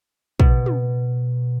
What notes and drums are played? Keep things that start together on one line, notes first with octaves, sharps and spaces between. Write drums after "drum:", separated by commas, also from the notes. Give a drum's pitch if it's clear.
B2, drum: kick
drum: tom